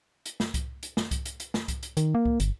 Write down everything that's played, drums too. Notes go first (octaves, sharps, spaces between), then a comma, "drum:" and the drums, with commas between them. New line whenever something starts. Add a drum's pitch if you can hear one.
drum: hi-hat
drum: snare
drum: kick C2, hi-hat
drum: hi-hat
drum: snare
drum: kick C2, hi-hat
drum: hi-hat
drum: hi-hat
drum: snare
drum: kick C2, hi-hat
drum: hi-hat
D#3, drum: hi-hat
A#3
drum: kick C2
G1, drum: hi-hat